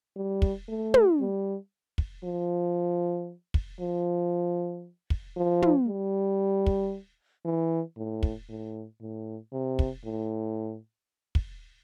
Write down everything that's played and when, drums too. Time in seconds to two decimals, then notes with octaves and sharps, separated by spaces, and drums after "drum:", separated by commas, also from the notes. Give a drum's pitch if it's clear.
0.16 G3
0.42 drum: kick
0.68 A3
0.94 drum: tom
1.20 G3
1.98 drum: kick
2.24 F3
3.54 drum: kick
3.80 F3
5.10 drum: kick
5.36 F3
5.62 drum: tom
5.88 G3
6.66 drum: kick
7.45 E3
7.97 A2
8.23 drum: kick
8.49 A2
9.01 A2
9.53 C3
9.79 drum: kick
10.04 A2
11.35 drum: kick